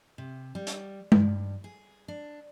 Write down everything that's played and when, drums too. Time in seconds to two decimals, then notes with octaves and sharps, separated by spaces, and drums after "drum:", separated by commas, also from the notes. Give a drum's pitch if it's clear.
0.18 C3
0.55 G3
0.67 drum: hi-hat
1.12 G2, drum: tom G#3
1.64 G#4
2.08 D4